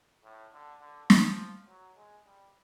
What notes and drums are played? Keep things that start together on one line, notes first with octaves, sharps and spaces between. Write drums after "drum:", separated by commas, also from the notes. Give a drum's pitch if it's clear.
A2
D3
D3
F3, drum: snare
F#3
G#3
G3